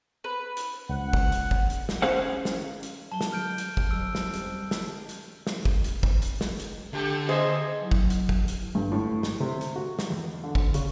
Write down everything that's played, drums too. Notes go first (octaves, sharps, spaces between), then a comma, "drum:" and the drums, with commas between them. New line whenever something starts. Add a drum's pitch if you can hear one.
B4
drum: hi-hat
C#2 F#5
drum: kick
drum: hi-hat
drum: kick
drum: hi-hat
drum: snare
C#4 G#4 C5 F5 F#5
drum: snare
drum: hi-hat
F#3 A5 G7
drum: snare
F6 G6 D7
drum: hi-hat
drum: kick
F2 F#3 E6 D7
drum: snare
G3 C4, drum: hi-hat
drum: snare
drum: hi-hat
drum: snare
drum: kick
drum: hi-hat
drum: kick
drum: hi-hat
drum: snare
drum: hi-hat
D3 A3 G4 A4
A#3 G#4 C5 D#5 E5
F#3 E4
drum: kick
drum: hi-hat
drum: kick
drum: hi-hat
G2
A2
drum: snare
C3
drum: hi-hat
F#4
drum: snare
E2
D3
drum: kick
C#3, drum: hi-hat